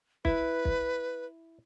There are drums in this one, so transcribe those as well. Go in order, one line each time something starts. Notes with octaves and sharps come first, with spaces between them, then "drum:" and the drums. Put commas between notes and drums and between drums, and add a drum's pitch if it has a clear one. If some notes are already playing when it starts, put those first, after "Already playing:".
E4 B4, drum: kick
drum: kick